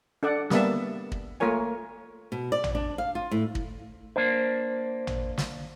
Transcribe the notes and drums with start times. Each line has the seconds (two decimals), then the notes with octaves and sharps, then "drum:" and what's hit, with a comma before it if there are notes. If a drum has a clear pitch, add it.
0.23 D4 A4 D5 F#5
0.50 G3 A#3 B3 E5 A5, drum: snare
1.12 drum: kick
1.40 A3 A#3 F4 A#4 C#5 G#5
2.32 B2
2.52 D5
2.64 drum: tom A1
2.75 D4
2.98 F5
3.15 F4
3.31 A2
3.55 drum: kick
4.16 A#3 D4 C5
5.07 drum: tom A1
5.38 drum: snare